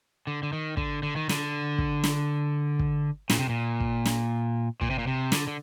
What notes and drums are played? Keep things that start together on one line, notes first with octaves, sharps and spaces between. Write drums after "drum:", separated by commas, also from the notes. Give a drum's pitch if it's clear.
D3
D3
D#3
D3, drum: kick
D3
D#3
D3, drum: snare
drum: kick
drum: snare
drum: kick
A#2, drum: snare
C3
A#2
drum: kick
drum: snare
A#2, drum: kick
C3
A#2
C3
D3, drum: snare
D3